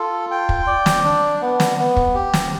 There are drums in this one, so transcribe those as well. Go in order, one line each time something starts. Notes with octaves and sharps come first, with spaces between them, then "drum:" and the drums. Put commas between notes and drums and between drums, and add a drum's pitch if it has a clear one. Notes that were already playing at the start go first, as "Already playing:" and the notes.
Already playing: F4 A4
G5
drum: kick
D5
drum: snare
D4
B3
drum: snare
B3
drum: kick
G4
drum: snare